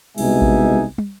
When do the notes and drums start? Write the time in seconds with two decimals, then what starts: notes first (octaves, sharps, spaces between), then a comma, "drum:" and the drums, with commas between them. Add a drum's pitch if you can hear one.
0.18 C2 B2 G#3 D#4 E5 G#5, drum: cymbal
0.42 drum: kick A1
0.98 drum: tom